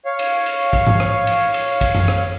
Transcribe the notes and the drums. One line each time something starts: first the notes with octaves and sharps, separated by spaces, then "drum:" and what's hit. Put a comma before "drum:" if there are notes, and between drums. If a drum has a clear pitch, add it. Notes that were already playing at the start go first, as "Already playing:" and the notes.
C#5 F5
drum: cymbal
drum: cymbal
drum: kick, cymbal
drum: tom G#2
drum: rim click
drum: cymbal
drum: cymbal
drum: kick, cymbal
drum: tom F#2
drum: rim click